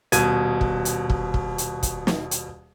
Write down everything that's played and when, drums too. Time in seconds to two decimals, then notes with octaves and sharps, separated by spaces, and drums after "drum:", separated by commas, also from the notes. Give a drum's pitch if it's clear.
0.12 D#1 B2 G#6 D#7, drum: hi-hat
0.61 drum: kick
0.85 drum: hi-hat
1.10 drum: kick
1.34 drum: kick
1.58 drum: hi-hat
1.83 drum: kick, hi-hat
2.07 drum: snare
2.31 drum: hi-hat